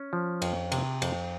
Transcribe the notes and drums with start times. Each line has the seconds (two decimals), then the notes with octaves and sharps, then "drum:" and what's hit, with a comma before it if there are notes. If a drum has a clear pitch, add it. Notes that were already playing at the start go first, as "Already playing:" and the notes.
Already playing: C#4
0.13 F3
0.42 F2, drum: cymbal
0.72 C3, drum: cymbal
1.02 F2, drum: cymbal